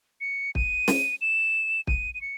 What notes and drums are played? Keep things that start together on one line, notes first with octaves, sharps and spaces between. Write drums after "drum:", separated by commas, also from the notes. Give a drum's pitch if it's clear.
C#7
D#7, drum: kick
drum: snare
E7
D#7, drum: kick
D#7
C#7